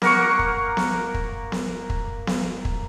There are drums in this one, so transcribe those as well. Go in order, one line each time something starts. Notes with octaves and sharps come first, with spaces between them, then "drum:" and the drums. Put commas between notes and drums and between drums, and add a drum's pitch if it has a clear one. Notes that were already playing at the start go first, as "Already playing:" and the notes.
A#3 A#4 F#5 C#6, drum: snare B3
drum: kick
drum: snare B3
drum: kick
drum: snare B3
drum: kick
drum: snare B3
drum: kick